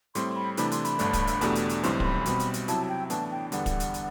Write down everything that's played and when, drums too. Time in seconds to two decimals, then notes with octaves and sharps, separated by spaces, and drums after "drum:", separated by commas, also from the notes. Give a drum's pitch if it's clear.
0.15 A2 G3 C4 C6, drum: hi-hat
0.36 B5
0.57 C3 E3 A3 D4 B5, drum: hi-hat
0.71 C6, drum: hi-hat
0.85 B5, drum: hi-hat
0.99 G1 G2 D3 A3 D4, drum: hi-hat
1.13 drum: kick, hi-hat
1.27 drum: hi-hat
1.41 E2 B2 A3 D4 G4, drum: hi-hat
1.55 drum: hi-hat
1.69 drum: hi-hat
1.83 B1 A2 E3 G3 C4 C6, drum: hi-hat
2.00 C6, drum: kick
2.05 B5
2.26 B1 B2 G3 C4, drum: hi-hat
2.40 drum: hi-hat
2.54 drum: hi-hat
2.68 C3 F#3 C4 E4 A5, drum: hi-hat
2.89 G5
3.10 A2 E3 B3 D4 A5, drum: hi-hat
3.31 G5
3.52 E2 D3 G3 B3 D4 F#5, drum: hi-hat
3.66 drum: kick, hi-hat
3.80 drum: hi-hat
3.94 drum: hi-hat